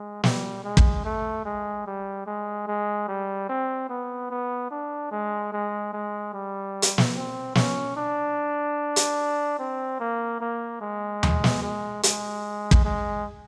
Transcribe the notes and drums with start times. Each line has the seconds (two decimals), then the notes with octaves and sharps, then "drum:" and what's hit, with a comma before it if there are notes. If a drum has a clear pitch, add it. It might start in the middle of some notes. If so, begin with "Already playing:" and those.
Already playing: G#3
0.24 G3, drum: snare
0.64 G#3
0.77 drum: kick
1.05 A3
1.45 G#3
1.86 G3
2.27 G#3
2.67 G#3
3.08 G3
3.49 C4
3.89 B3
4.30 B3
4.71 D4
5.11 G#3
5.53 G#3
5.93 G#3
6.34 G3
6.82 drum: hi-hat
6.98 drum: snare
7.15 C4
7.55 C#4, drum: snare
7.96 D4
8.96 drum: hi-hat
9.59 C4
10.00 A#3
10.40 A#3
10.81 G#3
11.23 drum: tom D#2
11.44 drum: snare
11.63 G#3
12.03 G#3, drum: hi-hat
12.71 drum: kick
12.85 G#3